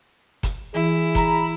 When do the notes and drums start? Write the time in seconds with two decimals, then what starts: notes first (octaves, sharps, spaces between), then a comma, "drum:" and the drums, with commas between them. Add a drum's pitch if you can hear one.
0.43 drum: kick F#1, hi-hat
0.75 E3 E4 G#4
1.15 A#5 B5, drum: kick F#1, hi-hat